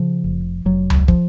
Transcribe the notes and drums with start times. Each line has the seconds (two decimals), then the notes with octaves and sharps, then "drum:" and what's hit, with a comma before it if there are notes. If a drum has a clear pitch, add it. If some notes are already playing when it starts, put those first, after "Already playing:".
Already playing: C#3 F3
0.24 F1
0.65 F1 F#3
0.90 drum: tom C#2
1.08 F3, drum: kick